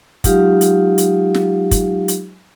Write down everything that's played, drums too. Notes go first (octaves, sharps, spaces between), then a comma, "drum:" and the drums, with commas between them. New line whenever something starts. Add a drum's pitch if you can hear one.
F#3 G#3 D#4 F4 G4 F5, drum: kick, hi-hat
drum: hi-hat
drum: hi-hat
drum: snare
drum: kick, hi-hat
drum: hi-hat